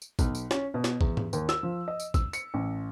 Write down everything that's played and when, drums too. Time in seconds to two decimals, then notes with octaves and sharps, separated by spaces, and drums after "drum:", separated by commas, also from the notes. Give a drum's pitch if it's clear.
0.02 drum: tambourine
0.19 B1, drum: kick, tambourine
0.35 drum: tambourine
0.51 C#4, drum: snare
0.74 B2
0.84 drum: snare
1.01 E2, drum: kick
1.17 drum: tom G#2
1.33 D#2, drum: tambourine
1.49 E6, drum: snare
1.63 F3
1.88 D#5
2.00 drum: tambourine
2.14 E6, drum: kick, tambourine
2.33 C#7, drum: tambourine
2.54 A1